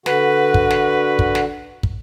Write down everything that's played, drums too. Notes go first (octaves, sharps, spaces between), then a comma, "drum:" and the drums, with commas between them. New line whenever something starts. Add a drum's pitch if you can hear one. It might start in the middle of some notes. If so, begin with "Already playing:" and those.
D3 F#4 B4, drum: snare
drum: kick
drum: snare
drum: kick
drum: snare
drum: kick